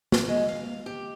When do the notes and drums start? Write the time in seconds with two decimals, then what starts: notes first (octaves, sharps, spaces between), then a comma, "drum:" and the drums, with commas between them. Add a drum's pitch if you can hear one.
0.12 A2, drum: snare
0.29 G#3
0.49 F5
0.86 G4